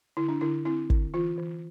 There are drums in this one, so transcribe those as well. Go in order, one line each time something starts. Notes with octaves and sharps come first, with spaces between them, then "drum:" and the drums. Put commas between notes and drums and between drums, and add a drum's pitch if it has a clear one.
D3 E4
D4
D3 E4
C4 E4
D3, drum: kick
E3 F4
E3